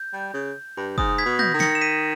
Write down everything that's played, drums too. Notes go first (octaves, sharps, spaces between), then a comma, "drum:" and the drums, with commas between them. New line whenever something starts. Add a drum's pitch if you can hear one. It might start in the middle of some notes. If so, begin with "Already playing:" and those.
Already playing: G6
G3
C#3
G2
G#2 D#6, drum: kick
G#6 B6
B2
G6 A#6, drum: tom
D#3
A#6 C#7, drum: snare
E7
B6 D#7